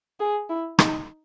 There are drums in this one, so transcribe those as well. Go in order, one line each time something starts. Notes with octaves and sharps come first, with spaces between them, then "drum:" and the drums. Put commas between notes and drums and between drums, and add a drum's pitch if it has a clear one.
G#4
E4
D#4, drum: rim click